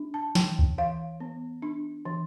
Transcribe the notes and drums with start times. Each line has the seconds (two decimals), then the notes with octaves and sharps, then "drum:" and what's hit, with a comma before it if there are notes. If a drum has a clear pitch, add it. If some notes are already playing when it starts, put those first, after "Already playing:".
Already playing: D4
0.14 A5
0.35 E3 G5, drum: snare
0.59 drum: kick
0.78 E3 F5
1.20 B3
1.62 D4
2.05 E3